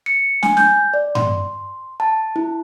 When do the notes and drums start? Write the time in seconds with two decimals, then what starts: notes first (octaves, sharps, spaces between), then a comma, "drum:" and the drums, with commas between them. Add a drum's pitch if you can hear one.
0.06 C#7
0.43 G#5, drum: snare
0.57 G6, drum: snare
0.94 D5
1.15 C6, drum: tom G2
2.00 A5
2.36 E4